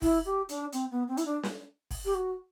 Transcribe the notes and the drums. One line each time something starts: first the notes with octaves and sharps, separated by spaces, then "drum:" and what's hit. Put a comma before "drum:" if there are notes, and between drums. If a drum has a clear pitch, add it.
E4, drum: kick, open hi-hat
G4
D4, drum: hi-hat
C4, drum: hi-hat
B3
C4
E4, drum: hi-hat
D4
drum: snare
drum: kick, open hi-hat
G4
F#4